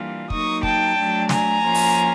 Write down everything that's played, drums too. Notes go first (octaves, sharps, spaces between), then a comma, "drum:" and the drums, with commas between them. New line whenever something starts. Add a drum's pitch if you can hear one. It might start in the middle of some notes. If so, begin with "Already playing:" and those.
Already playing: E3 G3 A#3 D4 F4
F#3 A#3 D#4 C#6 D#6, drum: kick
G5 A5, drum: kick
F#3 A3 D4
G#5 A#5, drum: snare
F3 A#3 C#4 F4
drum: open hi-hat